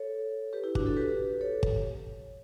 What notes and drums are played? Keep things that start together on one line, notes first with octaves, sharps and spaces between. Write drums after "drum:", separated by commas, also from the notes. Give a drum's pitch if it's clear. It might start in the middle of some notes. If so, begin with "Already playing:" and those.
Already playing: A4 C#5
G4 B4
E4 G4
D4 F#4, drum: kick
F#4 A4
G4 B4
A4 C#5
drum: kick